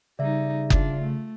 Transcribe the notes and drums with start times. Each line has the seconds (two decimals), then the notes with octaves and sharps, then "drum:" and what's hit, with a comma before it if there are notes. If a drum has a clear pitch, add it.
0.19 C#3 G3 D#4 D5 E5
0.70 D4 F4, drum: kick F#1
1.01 A3